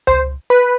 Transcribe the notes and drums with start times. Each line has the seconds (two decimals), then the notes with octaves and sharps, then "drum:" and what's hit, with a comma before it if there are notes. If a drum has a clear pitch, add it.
0.07 C5, drum: tom C#2
0.50 B4